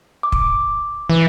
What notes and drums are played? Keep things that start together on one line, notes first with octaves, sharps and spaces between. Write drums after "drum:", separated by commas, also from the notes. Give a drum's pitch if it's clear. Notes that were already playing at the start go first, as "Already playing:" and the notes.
D6
drum: kick
E3